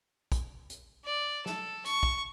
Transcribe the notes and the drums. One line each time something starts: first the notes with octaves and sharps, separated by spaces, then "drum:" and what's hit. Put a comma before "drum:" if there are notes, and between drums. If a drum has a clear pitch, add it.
drum: kick, hi-hat
drum: hi-hat
D5
A4, drum: snare
C#6, drum: hi-hat
drum: kick